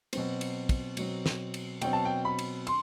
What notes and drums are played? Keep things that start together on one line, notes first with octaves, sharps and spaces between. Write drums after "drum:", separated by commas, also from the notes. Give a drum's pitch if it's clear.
B2 F#3 C4, drum: cymbal
drum: cymbal
drum: kick, cymbal
B2 F#3 C4, drum: cymbal
drum: snare
drum: cymbal
B2 F#3 C4 G5, drum: cymbal
A5
G5
B5
drum: cymbal
C6, drum: cymbal